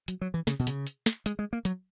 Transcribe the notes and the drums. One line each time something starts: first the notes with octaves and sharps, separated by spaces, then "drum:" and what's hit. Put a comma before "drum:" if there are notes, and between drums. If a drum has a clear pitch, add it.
F#3, drum: hi-hat
F#3
E3
C#3, drum: snare
B2
C#3, drum: hi-hat
drum: hi-hat
drum: snare
G#3, drum: hi-hat
G#3
A#3
F#3, drum: hi-hat